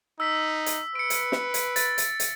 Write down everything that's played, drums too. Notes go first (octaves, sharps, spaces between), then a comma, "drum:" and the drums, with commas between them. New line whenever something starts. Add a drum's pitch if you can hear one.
D#4 E6 B6
drum: hi-hat
B4 C#7 D7
drum: hi-hat
drum: snare
drum: hi-hat
A6, drum: hi-hat
drum: hi-hat
drum: hi-hat